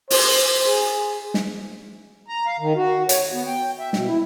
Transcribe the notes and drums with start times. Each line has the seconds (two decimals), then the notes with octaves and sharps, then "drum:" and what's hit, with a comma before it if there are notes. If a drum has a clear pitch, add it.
0.10 C5, drum: open hi-hat
0.67 G#4
1.34 drum: snare
2.28 A#5
2.46 F5
2.60 D#3
2.76 F#4
3.09 C#5, drum: hi-hat
3.33 B3
3.47 G5
3.79 E5
3.93 B2, drum: snare
4.07 E4